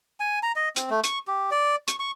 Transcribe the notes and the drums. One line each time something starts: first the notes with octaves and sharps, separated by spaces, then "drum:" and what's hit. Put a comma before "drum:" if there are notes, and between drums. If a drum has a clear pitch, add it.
G#5
A#5
D#5
C4, drum: hi-hat
A3
C#6, drum: hi-hat
G4
D5
C#6, drum: hi-hat
C#6